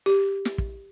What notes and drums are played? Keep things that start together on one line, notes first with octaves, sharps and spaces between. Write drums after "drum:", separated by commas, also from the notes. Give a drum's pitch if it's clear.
G4
drum: snare
drum: kick